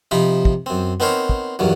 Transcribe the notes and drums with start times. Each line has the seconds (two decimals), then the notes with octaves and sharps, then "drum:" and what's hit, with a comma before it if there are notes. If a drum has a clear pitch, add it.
0.11 C3 F3 D#4 B5
0.45 drum: kick
0.66 F#2 C4
1.00 B3 C4 D#4 A#4 C5 C#5
1.29 drum: kick
1.59 E2 G2 D#3 F#3